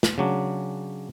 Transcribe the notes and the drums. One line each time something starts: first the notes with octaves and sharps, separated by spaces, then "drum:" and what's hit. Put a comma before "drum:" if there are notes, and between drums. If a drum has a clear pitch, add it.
drum: snare
C#3 F#3 D4